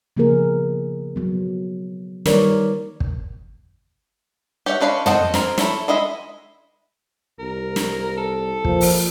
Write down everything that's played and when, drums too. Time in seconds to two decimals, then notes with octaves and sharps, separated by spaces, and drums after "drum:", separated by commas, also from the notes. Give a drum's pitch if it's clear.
0.17 C#3 F3 A#3 B3 G#4 A#4
1.16 F#3 B3
2.26 D#3 G3 A#4 B4 C#5 D5, drum: snare
3.00 drum: kick
4.66 G4 C#5 D5 E5 F#5
4.81 G#3 D4 B4 C#5 F5
5.06 A4 C5 D#5 F#5 G5, drum: tom
5.34 C4 A#4 G#5, drum: snare
5.58 E4 A4 C#5, drum: snare
5.88 G#3 E4 D#5 E5 B5
7.39 C2 A#4
7.76 drum: snare
8.17 A4
8.65 F3 A#3, drum: kick
8.81 drum: open hi-hat